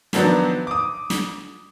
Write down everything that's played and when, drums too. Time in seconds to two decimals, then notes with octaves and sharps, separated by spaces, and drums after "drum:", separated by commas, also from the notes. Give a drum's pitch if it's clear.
0.13 D#3 F3 F#3 B3 D4, drum: snare
0.67 D6 D#6
1.10 drum: snare